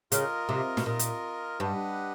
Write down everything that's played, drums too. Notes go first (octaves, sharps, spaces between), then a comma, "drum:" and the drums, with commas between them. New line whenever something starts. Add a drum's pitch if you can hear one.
C#3 F4 A#4 D#5, drum: hi-hat
C3
B2, drum: snare
A#2 F4 A#4 D#5
drum: hi-hat
G2 D4 G4 B4 D#5 F#5